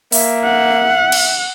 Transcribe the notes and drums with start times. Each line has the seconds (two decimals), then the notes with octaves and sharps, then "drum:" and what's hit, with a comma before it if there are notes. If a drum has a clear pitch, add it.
0.12 A#3 E5, drum: open hi-hat
0.44 F#5
1.12 drum: cymbal